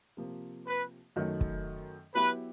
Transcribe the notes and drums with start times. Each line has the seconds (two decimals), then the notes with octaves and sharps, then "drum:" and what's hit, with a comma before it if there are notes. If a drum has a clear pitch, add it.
0.17 C3 F3 A#3
0.67 B4
1.16 F#2 D#3 F#3 A3
1.41 drum: kick
2.15 F#3 B3 E4 G4 B4